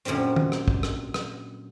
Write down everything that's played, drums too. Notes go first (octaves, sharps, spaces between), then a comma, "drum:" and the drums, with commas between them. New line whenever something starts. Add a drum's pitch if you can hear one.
F#2 A#2 D3 G3 C4
drum: tom
drum: rim click
drum: kick
drum: rim click
drum: rim click